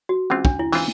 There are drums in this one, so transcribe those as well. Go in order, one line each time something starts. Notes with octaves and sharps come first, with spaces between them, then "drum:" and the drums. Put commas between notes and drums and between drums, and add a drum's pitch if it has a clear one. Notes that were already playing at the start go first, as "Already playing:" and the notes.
F#4
E3 G#3 C4 C#4 F4
D4, drum: kick
E4
E3 G#3 C4 D4 F4, drum: open hi-hat